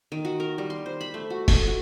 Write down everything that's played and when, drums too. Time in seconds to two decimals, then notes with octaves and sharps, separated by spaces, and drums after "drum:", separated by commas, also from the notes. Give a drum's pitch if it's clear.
0.12 D#3
0.25 F#4
0.40 A#4
0.58 G3
0.70 C6
0.86 C5
1.01 B5
1.14 A3
1.30 F#4
1.48 A4, drum: kick F1, open hi-hat
1.67 F#4